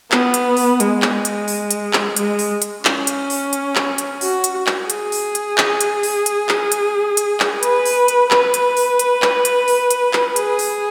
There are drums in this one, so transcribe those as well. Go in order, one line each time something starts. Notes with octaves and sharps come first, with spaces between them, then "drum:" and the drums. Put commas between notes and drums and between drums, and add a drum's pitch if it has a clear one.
B3, drum: clap
drum: hi-hat
drum: open hi-hat
G#3, drum: hi-hat
drum: clap
drum: hi-hat
drum: open hi-hat
drum: hi-hat
drum: clap
G#3, drum: hi-hat
drum: open hi-hat
drum: hi-hat
C#4, drum: clap
drum: hi-hat
drum: open hi-hat
drum: hi-hat
drum: clap
drum: hi-hat
F#4, drum: open hi-hat
drum: hi-hat
drum: clap
G#4, drum: hi-hat
drum: open hi-hat
drum: hi-hat
drum: clap
drum: hi-hat
drum: open hi-hat
drum: hi-hat
drum: clap
drum: hi-hat
drum: hi-hat
drum: clap
B4, drum: hi-hat
drum: open hi-hat
drum: hi-hat
B4, drum: clap
drum: hi-hat
drum: open hi-hat
drum: hi-hat
drum: clap
drum: hi-hat
drum: open hi-hat
drum: hi-hat
drum: clap
G#4, drum: hi-hat
drum: open hi-hat